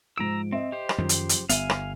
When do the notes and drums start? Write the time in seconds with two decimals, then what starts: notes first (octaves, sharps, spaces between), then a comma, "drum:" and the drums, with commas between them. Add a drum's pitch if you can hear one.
0.18 G#2 F3 A#5 E6 D7
0.52 C4 D#5 E5
0.72 G4 C5
0.89 drum: rim click
0.98 F#1 F#2 D#3 F3 F#3
1.09 drum: hi-hat
1.29 drum: hi-hat
1.49 G1 B3 E5 F5 G#5, drum: hi-hat
1.70 drum: rim click